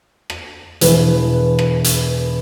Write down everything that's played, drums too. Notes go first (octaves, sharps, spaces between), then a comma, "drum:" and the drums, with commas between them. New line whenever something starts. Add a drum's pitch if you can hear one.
drum: rim click
E1 E3 B4, drum: hi-hat
drum: rim click
drum: hi-hat